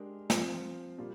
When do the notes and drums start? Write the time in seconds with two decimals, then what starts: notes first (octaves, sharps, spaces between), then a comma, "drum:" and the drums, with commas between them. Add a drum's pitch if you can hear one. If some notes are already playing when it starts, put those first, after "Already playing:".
Already playing: G#3 D4 G4 A#4
0.30 F3 C4 F4 C5, drum: snare
0.98 A#2 G3 A#3 F4